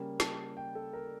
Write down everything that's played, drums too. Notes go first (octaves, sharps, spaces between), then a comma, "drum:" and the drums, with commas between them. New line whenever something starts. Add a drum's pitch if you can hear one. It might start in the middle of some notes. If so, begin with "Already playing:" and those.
Already playing: C#3 G3 A#3
A5, drum: snare
G5
A4
A#4